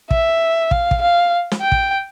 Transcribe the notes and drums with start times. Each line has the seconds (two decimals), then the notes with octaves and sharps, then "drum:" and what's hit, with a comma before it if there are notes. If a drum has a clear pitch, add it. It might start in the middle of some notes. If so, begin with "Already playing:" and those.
0.11 E5, drum: kick
0.71 F5, drum: kick
0.91 drum: kick
1.02 F5
1.52 drum: snare
1.61 G5
1.72 drum: kick